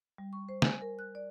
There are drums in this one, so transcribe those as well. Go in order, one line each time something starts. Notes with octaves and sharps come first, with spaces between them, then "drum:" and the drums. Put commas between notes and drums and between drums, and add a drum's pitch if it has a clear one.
G3
C#6
C5
G#5, drum: snare
A#4
F#6
D5